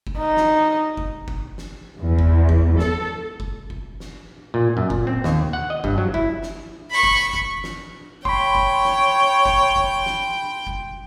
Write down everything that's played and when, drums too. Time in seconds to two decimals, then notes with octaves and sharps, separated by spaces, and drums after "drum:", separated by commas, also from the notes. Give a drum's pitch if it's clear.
0.07 drum: kick F#1
0.18 D#4
0.37 drum: snare
0.97 drum: kick F#1
1.28 drum: kick F#1
1.58 drum: snare
2.00 E2
2.19 drum: kick F#1
2.49 drum: kick F#1
2.79 A4, drum: snare
3.40 drum: kick F#1
3.70 drum: kick F#1
4.00 drum: snare
4.54 A#2
4.77 F#2
4.90 A#2, drum: kick F#1
5.07 C4
5.24 D#2, drum: snare
5.53 F#5
5.70 D#5
5.84 G2, drum: kick F#1
5.98 F#3
6.14 E4, drum: kick F#1
6.43 drum: snare
6.90 B5 C#6
7.03 drum: kick F#1
7.34 drum: kick F#1
7.64 drum: snare
8.25 C#5 G5 B5 C6, drum: kick F#1
8.55 drum: kick F#1
8.85 drum: snare
9.46 drum: kick F#1
9.76 drum: kick F#1
10.06 drum: snare
10.67 drum: kick F#1